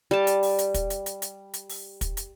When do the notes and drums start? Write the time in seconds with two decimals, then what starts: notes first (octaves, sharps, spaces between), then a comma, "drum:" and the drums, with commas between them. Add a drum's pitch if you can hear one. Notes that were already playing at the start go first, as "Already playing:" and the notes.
0.11 G3 A5
0.27 drum: hi-hat
0.43 drum: open hi-hat
0.59 drum: hi-hat
0.74 drum: kick, hi-hat
0.90 drum: hi-hat
1.06 drum: hi-hat
1.22 drum: hi-hat
1.54 drum: hi-hat
1.69 drum: open hi-hat
2.01 drum: kick, hi-hat
2.17 drum: hi-hat